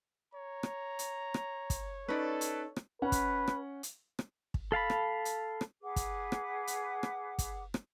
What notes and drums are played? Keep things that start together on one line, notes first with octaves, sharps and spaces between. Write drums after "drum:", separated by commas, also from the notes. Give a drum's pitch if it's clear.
C#5 A#5
drum: rim click
drum: hi-hat
drum: rim click
drum: kick, hi-hat
C#4 D#4 A4 B4 D5
drum: hi-hat
drum: rim click
C#4 B4 F#5
drum: kick, hi-hat
drum: rim click
drum: hi-hat
drum: rim click
drum: kick
A4 F5 A5 B5
drum: rim click
drum: hi-hat
drum: rim click
G#4 B4 F#5 D6
drum: kick, hi-hat
drum: rim click
drum: hi-hat
drum: rim click
drum: kick, hi-hat
drum: rim click